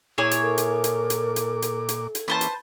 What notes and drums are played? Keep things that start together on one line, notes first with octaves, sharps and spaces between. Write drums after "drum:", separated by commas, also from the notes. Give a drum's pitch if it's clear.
A#2 E4 G#4 C#5 D6
drum: hi-hat
A4 A#4
drum: hi-hat
drum: hi-hat
drum: hi-hat
drum: hi-hat
drum: hi-hat
drum: hi-hat
drum: hi-hat
E3 A#3 C#4 B4 C5 A5
drum: hi-hat